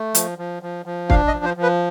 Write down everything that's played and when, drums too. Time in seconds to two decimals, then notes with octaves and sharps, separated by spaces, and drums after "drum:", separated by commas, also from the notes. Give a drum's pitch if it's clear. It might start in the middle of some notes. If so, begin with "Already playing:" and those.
Already playing: A3
0.15 F3, drum: hi-hat
0.38 F3
0.63 F3
0.86 F3
1.10 D4 F5, drum: kick
1.27 D#5
1.34 F3
1.45 C5
1.57 F3
1.63 B4